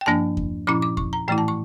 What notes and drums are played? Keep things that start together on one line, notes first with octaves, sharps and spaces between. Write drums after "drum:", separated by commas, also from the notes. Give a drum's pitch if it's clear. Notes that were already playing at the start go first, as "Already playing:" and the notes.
G5
G2 F3 A#3 D4 A5
drum: kick E2
A#2 F3 C#4 E4 D6
D6
C#6, drum: kick E2
A#5
A2 E3 A3 E4 G5
A5
C#6